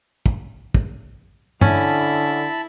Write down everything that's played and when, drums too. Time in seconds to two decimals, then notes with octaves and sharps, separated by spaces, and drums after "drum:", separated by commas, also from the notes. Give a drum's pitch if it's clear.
0.26 drum: kick
0.74 drum: kick
1.61 D3 C#4 E4 E5 A5 B5, drum: tom G2